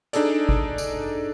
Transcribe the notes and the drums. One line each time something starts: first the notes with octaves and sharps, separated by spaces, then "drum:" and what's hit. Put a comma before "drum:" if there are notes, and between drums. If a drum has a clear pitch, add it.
D4 D#4 G#4 A4 D5, drum: hi-hat
drum: kick
drum: tambourine